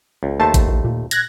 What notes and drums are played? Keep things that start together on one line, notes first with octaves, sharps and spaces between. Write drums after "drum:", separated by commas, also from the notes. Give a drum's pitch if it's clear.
C#2
D#2 A3 C5 A5
drum: kick, hi-hat
A#1
A#2
F#6 G#6 A#6, drum: hi-hat